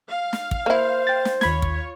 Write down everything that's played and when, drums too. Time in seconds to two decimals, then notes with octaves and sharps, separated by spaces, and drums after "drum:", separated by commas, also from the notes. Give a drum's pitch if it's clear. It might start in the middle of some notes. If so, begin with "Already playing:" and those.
0.11 F5
0.33 drum: snare
0.51 drum: kick
0.66 A#3 E4 C5
1.07 G5 A6
1.25 drum: snare
1.41 D#2 F4 C#5 B5 G#6, drum: snare
1.62 drum: kick